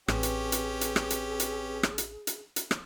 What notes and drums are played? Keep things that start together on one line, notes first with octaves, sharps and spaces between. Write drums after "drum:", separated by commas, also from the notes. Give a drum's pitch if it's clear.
A1 C4 C#4 G4 G#4 B4, drum: rim click
drum: hi-hat
drum: hi-hat
drum: hi-hat
drum: rim click
drum: hi-hat
drum: hi-hat
drum: rim click
drum: hi-hat
drum: hi-hat
drum: hi-hat
drum: rim click